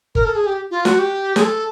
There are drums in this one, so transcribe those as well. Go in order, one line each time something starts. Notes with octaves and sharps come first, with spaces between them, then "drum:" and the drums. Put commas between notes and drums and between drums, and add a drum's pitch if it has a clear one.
A#4, drum: kick G1
A4
G#4
G4
F4
F#4, drum: snare
G4
G#4, drum: snare
A4